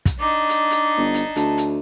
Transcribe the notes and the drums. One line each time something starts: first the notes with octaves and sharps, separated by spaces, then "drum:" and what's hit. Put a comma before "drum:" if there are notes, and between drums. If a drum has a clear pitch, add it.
drum: kick, hi-hat
D4 D#4 D6
drum: hi-hat
drum: hi-hat
G1
drum: hi-hat
D2 A5, drum: hi-hat
drum: hi-hat